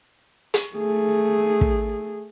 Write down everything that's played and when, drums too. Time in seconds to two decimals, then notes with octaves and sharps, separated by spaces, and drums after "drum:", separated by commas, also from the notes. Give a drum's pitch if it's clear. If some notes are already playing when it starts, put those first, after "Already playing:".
0.54 drum: hi-hat
0.76 A3 G#4
1.61 drum: kick